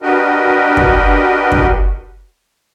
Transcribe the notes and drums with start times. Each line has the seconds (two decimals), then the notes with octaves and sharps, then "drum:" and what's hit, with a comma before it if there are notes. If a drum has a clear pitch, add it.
0.02 D4 F#4 G4 A#4 B4 D#5
0.77 drum: kick
1.52 drum: kick